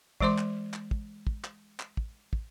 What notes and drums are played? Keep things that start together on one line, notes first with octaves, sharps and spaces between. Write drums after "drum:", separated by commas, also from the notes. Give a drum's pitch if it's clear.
E3 G#3 C5 C6 D6, drum: kick
drum: clap
drum: clap
drum: kick
drum: kick
drum: clap
drum: clap
drum: kick
drum: kick